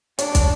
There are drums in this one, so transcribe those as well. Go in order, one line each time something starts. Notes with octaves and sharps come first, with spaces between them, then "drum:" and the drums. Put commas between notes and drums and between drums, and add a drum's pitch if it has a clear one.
D4 C#5, drum: hi-hat
drum: kick, hi-hat